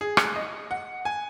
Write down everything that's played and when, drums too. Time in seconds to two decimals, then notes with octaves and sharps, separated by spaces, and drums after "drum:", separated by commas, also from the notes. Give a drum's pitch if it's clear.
0.01 G#4
0.17 drum: rim click
0.36 D#5
0.71 F#5
1.05 G#5